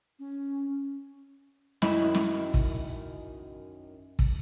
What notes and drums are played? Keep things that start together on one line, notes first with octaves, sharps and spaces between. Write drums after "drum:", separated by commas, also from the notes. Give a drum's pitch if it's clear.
C#4
F#2 D#3 E4, drum: snare
drum: snare
drum: kick
drum: kick